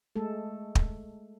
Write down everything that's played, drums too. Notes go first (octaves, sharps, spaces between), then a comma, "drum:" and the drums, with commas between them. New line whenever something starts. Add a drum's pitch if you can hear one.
G#3 A3 A4
drum: kick